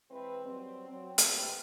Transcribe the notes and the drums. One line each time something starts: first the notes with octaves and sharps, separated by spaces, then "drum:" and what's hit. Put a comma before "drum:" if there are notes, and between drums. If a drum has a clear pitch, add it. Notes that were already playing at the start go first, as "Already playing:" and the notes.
E3 G#3 C4 B4
F#3 G3 C4
F#3 C4
A2 C3 A#3 G4 B4, drum: hi-hat